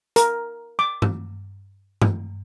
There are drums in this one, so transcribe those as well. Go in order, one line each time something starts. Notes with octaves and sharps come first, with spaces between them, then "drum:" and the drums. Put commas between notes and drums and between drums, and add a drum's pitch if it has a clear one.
A#4, drum: hi-hat
D6
drum: tom G2
drum: tom G2